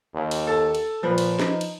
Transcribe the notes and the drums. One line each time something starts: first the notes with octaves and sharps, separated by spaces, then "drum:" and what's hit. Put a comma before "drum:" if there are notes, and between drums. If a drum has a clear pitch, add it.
D#2
drum: cymbal
A4
drum: cymbal
A#2 F3 B4
drum: cymbal
D#4, drum: snare
drum: cymbal